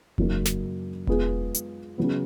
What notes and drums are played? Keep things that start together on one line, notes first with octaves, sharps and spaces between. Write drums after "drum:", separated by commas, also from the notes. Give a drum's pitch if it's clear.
F#2 C#3 F#3 A#3 D#4, drum: kick E1
drum: snare
G#3 B3 F4 G#4 B4, drum: kick E1
drum: hi-hat
C#3 F#3 B3